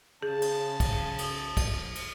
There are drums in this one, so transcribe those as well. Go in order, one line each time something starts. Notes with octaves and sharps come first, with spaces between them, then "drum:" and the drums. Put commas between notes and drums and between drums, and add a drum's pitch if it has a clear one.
C#3 G#4 A5
drum: cymbal
drum: kick, cymbal
drum: cymbal
drum: kick, cymbal
drum: cymbal